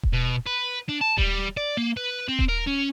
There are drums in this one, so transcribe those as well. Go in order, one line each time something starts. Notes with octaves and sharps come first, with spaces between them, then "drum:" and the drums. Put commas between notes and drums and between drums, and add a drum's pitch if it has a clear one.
drum: kick D#1
B2
B4
D4
A5
G3, drum: kick D#1
D5
A#3
B4
C4
drum: kick D#1
A#4
C#4